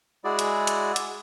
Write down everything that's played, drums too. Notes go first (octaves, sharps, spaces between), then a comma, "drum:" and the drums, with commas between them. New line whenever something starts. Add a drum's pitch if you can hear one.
G#3 E4 F#4 G#4 D5
drum: hi-hat
drum: hi-hat
drum: hi-hat